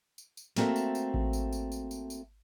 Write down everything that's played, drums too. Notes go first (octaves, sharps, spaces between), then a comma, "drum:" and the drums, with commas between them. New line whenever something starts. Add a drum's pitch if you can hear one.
drum: tambourine
drum: tambourine
A3 A#3 C4 F#4 A4 E5, drum: snare
drum: tambourine
drum: tambourine
drum: kick A1
drum: tambourine
drum: tambourine
drum: tambourine
drum: tambourine
drum: tambourine